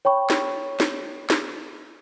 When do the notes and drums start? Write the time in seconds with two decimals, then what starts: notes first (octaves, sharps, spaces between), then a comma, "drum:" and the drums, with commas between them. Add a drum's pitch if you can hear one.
0.05 C#5 G5 B5 C#6
0.30 drum: snare
0.80 drum: snare
1.30 drum: snare